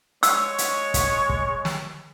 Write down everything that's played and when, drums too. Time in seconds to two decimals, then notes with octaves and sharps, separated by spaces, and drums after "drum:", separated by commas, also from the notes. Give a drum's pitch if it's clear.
0.23 G#3 C#5 E6, drum: hi-hat
0.58 drum: hi-hat
0.94 drum: kick, hi-hat
1.29 drum: kick
1.65 drum: snare